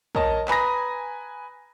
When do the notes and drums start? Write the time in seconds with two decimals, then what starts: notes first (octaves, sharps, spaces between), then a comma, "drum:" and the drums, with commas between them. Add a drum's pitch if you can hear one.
0.15 A#4 C#5 D#5 A5, drum: kick
0.48 B4 G#5 A#5 B5 D#6 A#6, drum: clap